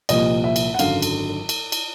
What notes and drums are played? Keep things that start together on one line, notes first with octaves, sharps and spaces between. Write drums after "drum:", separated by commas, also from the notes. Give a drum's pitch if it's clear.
C2 A#2 F3 A#3 D#5, drum: cymbal
E5
drum: cymbal
F#5
G#1 F#2 D3 F#3 F5, drum: cymbal
drum: cymbal
drum: cymbal
drum: cymbal